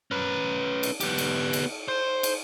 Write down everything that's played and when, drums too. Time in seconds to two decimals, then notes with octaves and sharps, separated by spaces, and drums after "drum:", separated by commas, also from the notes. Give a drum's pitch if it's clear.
0.11 C#4 B4
0.83 drum: cymbal
1.00 B3 G4, drum: cymbal
1.18 drum: cymbal
1.53 drum: cymbal
1.88 C5
2.23 drum: cymbal